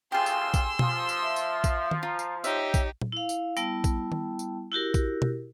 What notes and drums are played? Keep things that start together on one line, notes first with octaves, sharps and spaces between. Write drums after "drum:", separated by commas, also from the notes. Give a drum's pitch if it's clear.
C#2 A2 F4 G4 G#4 G#5 C6 E6
drum: tambourine
drum: kick A#1, tambourine
F3, drum: tom B2
drum: tambourine
E5
drum: tambourine
drum: kick A#1, tambourine
drum: tom D#3
F4 A#5
drum: tambourine
D#4 G4 C#5 E5, drum: tambourine
drum: kick A#1, tambourine
drum: tom A#2
E4 F5
drum: tambourine
G3 B3 E4 G5 A5, drum: tambourine
drum: kick A#1, tambourine
drum: tom D#3
drum: tambourine
E4 F#4 G4 A#4
drum: kick A#1, tambourine
drum: tom B2